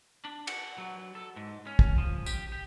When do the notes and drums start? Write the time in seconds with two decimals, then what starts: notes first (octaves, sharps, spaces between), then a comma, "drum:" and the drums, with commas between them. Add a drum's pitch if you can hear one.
0.25 D4
0.47 F#5, drum: cymbal
0.78 F#3
1.15 A4
1.36 G#2
1.67 C#4
1.79 drum: kick
1.98 F3
2.26 G4, drum: tambourine
2.52 G4